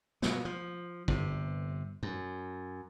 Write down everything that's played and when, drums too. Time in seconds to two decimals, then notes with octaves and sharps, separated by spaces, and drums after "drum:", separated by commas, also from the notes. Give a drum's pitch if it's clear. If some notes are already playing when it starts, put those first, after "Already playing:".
0.22 B2 F#3, drum: snare
0.45 F3
1.08 G1 C3, drum: kick
2.03 F#2